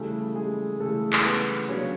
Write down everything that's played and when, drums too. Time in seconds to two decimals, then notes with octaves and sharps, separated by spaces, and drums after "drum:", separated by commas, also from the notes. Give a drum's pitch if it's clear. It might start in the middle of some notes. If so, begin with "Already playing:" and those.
Already playing: C#3 E3 G3 A3 A4
0.35 G#3 G#4
0.79 C#3 E3 G3 A3 A4
1.13 drum: clap
1.25 B3 B4
1.69 C#3 F#3 A#3 C#4 D4 C#5